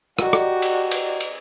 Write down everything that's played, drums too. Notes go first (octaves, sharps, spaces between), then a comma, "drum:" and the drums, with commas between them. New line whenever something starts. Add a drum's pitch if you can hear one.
F#4 G4 D5 D#5 A#5, drum: rim click
drum: rim click
drum: cymbal
drum: cymbal
drum: cymbal